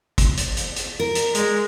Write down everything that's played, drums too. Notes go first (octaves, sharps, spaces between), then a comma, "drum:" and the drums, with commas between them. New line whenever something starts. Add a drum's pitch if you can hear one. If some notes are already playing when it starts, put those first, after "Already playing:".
drum: kick, hi-hat
drum: hi-hat
drum: hi-hat
drum: hi-hat
A#4
drum: hi-hat
G#3, drum: hi-hat